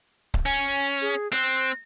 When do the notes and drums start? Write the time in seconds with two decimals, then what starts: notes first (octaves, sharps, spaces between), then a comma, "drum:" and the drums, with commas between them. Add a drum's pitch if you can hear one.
0.34 drum: kick C#1
0.46 C#4 G#5
1.02 G#4
1.32 C4 F#6, drum: hi-hat